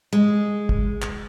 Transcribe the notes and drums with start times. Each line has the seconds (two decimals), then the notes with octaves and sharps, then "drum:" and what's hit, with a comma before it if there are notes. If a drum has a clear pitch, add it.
0.13 G#3
0.69 drum: kick
1.02 drum: clap